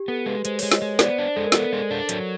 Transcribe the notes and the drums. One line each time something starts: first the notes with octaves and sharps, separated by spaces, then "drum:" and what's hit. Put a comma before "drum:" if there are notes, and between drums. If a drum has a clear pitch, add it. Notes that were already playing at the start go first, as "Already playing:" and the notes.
Already playing: G4
B3 A4
G#3 B4
G#3 C5, drum: hi-hat
G#3 C#5, drum: open hi-hat
C#5 D#5, drum: snare
G#3 C#5
B3 C5 D5, drum: snare
D4
G#3 A4
A#4
B3 A4, drum: snare
G#3
D4
F#3, drum: hi-hat